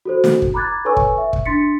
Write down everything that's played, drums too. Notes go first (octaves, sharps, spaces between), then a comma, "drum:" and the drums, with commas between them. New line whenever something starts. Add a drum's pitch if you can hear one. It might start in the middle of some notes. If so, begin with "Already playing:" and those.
F#4 A4 C5
drum: snare
drum: kick
A#5 B5 D6 F#6 G#6 A6
A4 B4 C#5 G#5 C#6 E6
drum: kick
E5
drum: kick
D4 C6 A6 B6 C#7